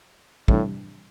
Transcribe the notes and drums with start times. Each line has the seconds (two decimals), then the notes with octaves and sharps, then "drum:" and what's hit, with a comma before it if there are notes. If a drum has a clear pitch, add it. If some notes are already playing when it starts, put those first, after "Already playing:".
0.48 A2 C3 E3 G3 D4, drum: kick